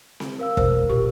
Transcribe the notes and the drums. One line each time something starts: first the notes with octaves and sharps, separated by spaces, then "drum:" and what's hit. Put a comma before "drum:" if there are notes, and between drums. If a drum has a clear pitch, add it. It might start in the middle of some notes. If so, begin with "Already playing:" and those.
drum: snare C4
A#4 F5 E6
E1 A#4 C5, drum: kick
A#2 G4 A#4